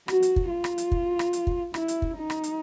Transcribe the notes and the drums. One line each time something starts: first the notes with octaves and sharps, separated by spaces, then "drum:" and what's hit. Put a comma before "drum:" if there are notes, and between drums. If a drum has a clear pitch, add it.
F#4, drum: rim click
drum: hi-hat
drum: kick
F4
drum: rim click
drum: hi-hat
drum: kick
drum: rim click
drum: hi-hat
drum: kick
E4, drum: rim click
drum: hi-hat
drum: kick
D#4
drum: rim click
drum: hi-hat